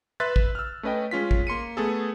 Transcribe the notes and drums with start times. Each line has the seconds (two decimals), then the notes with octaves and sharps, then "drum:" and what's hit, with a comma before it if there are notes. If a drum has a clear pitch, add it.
0.20 B4 E5 C6 E6 F#6 A6
0.36 drum: kick
0.55 E6 F6
0.83 A3 C#4 B4 D#5 G5
1.11 G#3 C#4 F4 B6
1.31 drum: kick
1.47 A#3 C6 C#7 D#7
1.77 A3 B3 G#4 A4